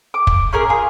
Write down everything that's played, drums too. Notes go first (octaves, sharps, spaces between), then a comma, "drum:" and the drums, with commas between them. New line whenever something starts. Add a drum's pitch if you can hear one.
D6
drum: kick
C#4 G#4 A#4
F4 G#4